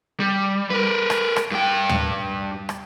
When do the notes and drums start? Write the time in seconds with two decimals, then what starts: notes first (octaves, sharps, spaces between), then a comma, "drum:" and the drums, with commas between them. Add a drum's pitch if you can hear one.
0.20 G3
0.70 A#4 B4
1.10 drum: rim click
1.36 drum: rim click
1.51 G2 G5
1.89 drum: tom
2.69 drum: rim click